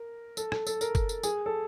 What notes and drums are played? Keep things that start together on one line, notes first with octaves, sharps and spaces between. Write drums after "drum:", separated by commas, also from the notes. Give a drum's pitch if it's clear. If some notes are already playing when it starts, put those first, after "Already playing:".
Already playing: A#4
A4, drum: tambourine
A4, drum: rim click
A4, drum: tambourine
A#4, drum: tambourine
drum: kick F#1, tambourine
drum: tambourine
G#4, drum: tambourine
A4